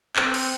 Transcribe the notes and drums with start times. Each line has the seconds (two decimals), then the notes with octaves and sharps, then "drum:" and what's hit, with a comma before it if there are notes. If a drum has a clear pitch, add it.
0.16 C4, drum: clap
0.34 drum: cymbal